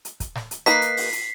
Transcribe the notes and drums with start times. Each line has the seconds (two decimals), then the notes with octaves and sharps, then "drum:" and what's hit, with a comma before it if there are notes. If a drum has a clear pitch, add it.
0.05 drum: hi-hat
0.20 drum: kick, hi-hat
0.36 drum: snare
0.51 drum: hi-hat
0.66 A#3 D#4 B4 B6 C7, drum: hi-hat
0.82 drum: hi-hat
0.97 drum: open hi-hat
1.12 drum: hi-hat